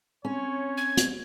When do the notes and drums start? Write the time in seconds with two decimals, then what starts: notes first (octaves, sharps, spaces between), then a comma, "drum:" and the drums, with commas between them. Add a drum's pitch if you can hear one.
0.25 C4 C#4 C#5
0.77 G#6
0.97 drum: hi-hat